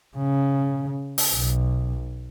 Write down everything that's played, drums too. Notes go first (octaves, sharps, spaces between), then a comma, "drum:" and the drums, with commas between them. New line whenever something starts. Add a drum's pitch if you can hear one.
C#3
drum: open hi-hat
B1